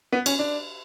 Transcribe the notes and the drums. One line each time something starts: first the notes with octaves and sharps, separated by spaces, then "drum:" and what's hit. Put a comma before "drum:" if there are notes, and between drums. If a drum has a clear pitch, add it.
B3
C#4, drum: cymbal
D4